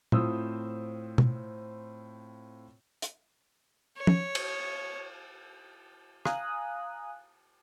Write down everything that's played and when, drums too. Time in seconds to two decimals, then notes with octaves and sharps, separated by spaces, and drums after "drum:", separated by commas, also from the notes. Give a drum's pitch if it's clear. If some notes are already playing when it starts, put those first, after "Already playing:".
0.12 A2 C4 F4 C5 D#6 E6, drum: tom
1.18 drum: tom B2
3.02 drum: hi-hat
3.98 C#5
4.07 drum: tom
4.35 drum: cymbal
6.25 F5 G#5 A#5 D#6 F#6, drum: rim click